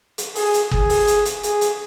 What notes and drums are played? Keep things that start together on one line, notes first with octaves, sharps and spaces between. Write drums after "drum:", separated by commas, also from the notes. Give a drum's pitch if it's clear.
drum: hi-hat
G#4, drum: open hi-hat
drum: hi-hat
G#4, drum: kick
drum: open hi-hat
drum: hi-hat
drum: hi-hat
G#4, drum: hi-hat
drum: hi-hat